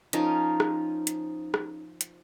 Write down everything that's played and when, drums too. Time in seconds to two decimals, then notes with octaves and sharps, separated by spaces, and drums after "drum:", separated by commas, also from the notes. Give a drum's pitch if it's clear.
0.13 F3 C#4 D#4 A#4, drum: hi-hat
0.60 drum: rim click
1.07 drum: hi-hat
1.54 drum: rim click
2.01 drum: hi-hat